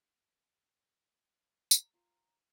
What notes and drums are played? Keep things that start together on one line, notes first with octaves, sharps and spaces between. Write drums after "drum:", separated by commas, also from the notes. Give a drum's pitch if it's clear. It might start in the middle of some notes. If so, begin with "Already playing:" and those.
A#5, drum: tambourine
F4 C5 A#5